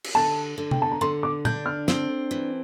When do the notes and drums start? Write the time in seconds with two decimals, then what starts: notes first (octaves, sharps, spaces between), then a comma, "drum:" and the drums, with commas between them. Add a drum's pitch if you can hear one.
0.04 drum: cymbal
0.15 D3 A5
0.58 D3
0.71 G5, drum: tom C3
0.82 A5
0.92 A#5
1.01 D3 C6
1.23 D6
1.45 D4 G6, drum: tom A#2
1.66 F6
1.88 C4, drum: snare
2.31 E3